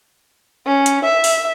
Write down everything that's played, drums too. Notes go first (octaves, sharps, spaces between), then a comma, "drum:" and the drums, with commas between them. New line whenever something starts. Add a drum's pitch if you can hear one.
C#4
drum: hi-hat
E5
drum: open hi-hat